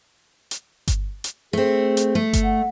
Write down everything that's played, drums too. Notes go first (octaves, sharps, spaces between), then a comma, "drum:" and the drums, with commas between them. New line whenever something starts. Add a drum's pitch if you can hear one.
drum: hi-hat
drum: kick G1, hi-hat
drum: hi-hat
A3 C4 G#4
drum: hi-hat
A3
drum: kick G1, hi-hat
F#5